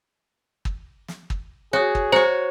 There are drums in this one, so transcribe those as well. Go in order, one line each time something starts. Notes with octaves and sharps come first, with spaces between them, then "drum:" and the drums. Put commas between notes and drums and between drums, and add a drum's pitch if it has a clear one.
drum: kick
drum: snare
drum: kick
F#4 G#4 C#5 D#6
drum: kick
F#4 C5 C#5 A#5